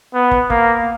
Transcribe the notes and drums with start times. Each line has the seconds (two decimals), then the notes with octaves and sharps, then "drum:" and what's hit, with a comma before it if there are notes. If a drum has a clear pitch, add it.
0.14 B3
0.31 drum: kick
0.50 A#3, drum: kick